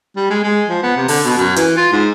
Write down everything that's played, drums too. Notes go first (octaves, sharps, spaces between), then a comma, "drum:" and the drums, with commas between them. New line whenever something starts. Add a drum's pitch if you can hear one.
G3
G#3
G#3
F3
B3
C3
D3, drum: open hi-hat
B2
F#2
E3, drum: hi-hat
F4
G#2